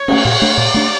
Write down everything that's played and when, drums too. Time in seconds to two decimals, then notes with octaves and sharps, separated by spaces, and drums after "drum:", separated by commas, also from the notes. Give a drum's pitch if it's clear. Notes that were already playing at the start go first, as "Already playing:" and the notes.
Already playing: C#5
0.08 A3 C#4, drum: cymbal
0.25 A#2
0.42 A3 D4
0.57 A#2 D5
0.74 A3 D4